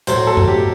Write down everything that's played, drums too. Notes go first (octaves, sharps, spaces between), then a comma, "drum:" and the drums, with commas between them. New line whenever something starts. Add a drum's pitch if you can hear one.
A2 F#3 A3 C5, drum: hi-hat
A4
drum: tom F#2
G4